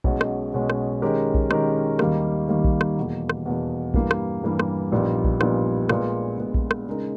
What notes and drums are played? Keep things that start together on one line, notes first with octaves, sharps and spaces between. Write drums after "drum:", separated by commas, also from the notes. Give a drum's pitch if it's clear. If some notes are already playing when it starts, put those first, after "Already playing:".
B1 B2 G#3 C#4, drum: kick A#1
drum: rim click
B1 B2 G#3 C#4
drum: rim click
D#3 G#3 C#4 G4 A#4
drum: kick A#1
D#3 G#3 C#4 G4 A#4, drum: rim click
D#2 D#3 G3 A#3, drum: rim click
D#2 D#3 G3 A#3
drum: kick A#1
drum: rim click
E2 B2 A#3
drum: rim click
E2 B2 A#3
G2 E3 G3 A#3, drum: kick A#1
drum: rim click
G2 E3 G3 A#3
drum: rim click
A#1 A#2 G3 B3 D#4
drum: kick A#1
A#1 A#2 G3 B3 D#4, drum: rim click
A#2 G#3 B3, drum: rim click
A#2 G#3 B3
drum: kick A#1
drum: rim click
C#3 G#3 D#4 A#4